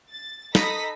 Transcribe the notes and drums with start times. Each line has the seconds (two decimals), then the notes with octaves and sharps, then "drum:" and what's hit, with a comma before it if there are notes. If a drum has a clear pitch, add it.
0.12 A6
0.55 D#4 A4 B5 D#6 A#6 B6, drum: snare